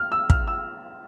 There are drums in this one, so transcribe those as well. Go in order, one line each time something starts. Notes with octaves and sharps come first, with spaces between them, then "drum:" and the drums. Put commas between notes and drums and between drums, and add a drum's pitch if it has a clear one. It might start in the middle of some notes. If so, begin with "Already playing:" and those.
Already playing: F6
E6
F6, drum: kick
E6